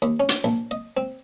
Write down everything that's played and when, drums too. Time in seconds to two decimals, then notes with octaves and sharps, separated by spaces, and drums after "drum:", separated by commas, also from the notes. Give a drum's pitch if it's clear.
0.02 D#2
0.20 C#4
0.29 drum: hi-hat
0.44 A#1
0.71 D#5
0.97 C4